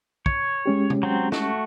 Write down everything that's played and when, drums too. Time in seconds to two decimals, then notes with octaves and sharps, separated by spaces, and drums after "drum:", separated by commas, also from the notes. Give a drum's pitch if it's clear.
0.26 C#5, drum: kick
0.66 G#3 C#4 G4
0.90 drum: tom
1.03 F#3 C4
1.32 A3 F#4, drum: snare